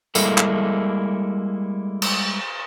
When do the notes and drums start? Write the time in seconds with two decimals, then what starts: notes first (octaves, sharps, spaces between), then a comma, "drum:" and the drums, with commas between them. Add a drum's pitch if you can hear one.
0.15 G3 G#3 A#3 E4 A4, drum: tambourine
0.38 drum: clap
2.02 drum: cymbal